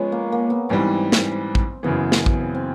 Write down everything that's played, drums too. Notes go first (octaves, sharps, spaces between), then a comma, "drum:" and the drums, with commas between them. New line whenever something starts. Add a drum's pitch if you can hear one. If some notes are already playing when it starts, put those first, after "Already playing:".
Already playing: F3 G#3 B3 C#4
A#3
A#3
B3
G#2 E3 G3 C4
drum: snare
drum: kick A1
F#2 C#3 E3 B3
drum: snare
drum: kick A1
C4
C4